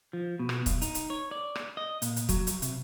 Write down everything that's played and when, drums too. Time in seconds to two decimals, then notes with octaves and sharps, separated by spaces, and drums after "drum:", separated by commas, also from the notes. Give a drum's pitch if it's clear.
0.13 F3
0.39 B2
0.49 drum: rim click
0.66 B1, drum: kick, hi-hat
0.82 D#4, drum: hi-hat
0.95 drum: hi-hat
1.10 C#5
1.31 D5
1.55 drum: rim click
1.77 D#5
2.02 A#2, drum: hi-hat
2.16 drum: hi-hat
2.29 F#3, drum: kick, hi-hat
2.47 drum: hi-hat
2.62 C3, drum: hi-hat